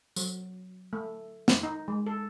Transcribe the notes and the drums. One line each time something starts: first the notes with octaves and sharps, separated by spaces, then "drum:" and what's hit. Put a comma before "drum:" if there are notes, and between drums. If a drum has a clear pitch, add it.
F#3, drum: tambourine
A3
drum: snare
D#4
G#3
A4